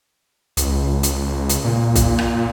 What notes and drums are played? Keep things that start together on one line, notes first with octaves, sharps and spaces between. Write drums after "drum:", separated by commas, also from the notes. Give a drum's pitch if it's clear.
C#2, drum: hi-hat
drum: hi-hat
drum: hi-hat
A#2
drum: kick C2, hi-hat
drum: rim click